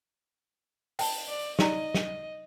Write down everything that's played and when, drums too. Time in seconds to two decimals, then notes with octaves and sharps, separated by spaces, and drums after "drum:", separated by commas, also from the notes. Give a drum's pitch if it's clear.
0.99 G5 A5, drum: open hi-hat
1.29 D5
1.59 D#4 D5 D#5 A#5, drum: snare
1.94 drum: snare